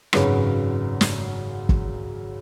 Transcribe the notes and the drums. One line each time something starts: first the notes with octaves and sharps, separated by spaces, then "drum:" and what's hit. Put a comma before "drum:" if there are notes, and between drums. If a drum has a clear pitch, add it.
G#1 F#2 C#3 F#3 B4, drum: rim click
drum: snare
drum: kick